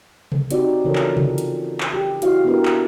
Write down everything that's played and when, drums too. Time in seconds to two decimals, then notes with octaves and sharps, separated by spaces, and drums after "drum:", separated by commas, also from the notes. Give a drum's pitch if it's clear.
0.32 drum: tom C3
0.50 C4 D#4 F#4 G4 D5, drum: hi-hat
0.85 C#3 E3 F3 C#4 A4 A#4
0.95 drum: clap
1.17 F4, drum: tom C3
1.38 drum: hi-hat
1.80 drum: clap
1.93 G4
2.22 E4 F#4 D#5 F5, drum: hi-hat
2.45 B3 D4 E4 G4 A#4 B4
2.65 drum: clap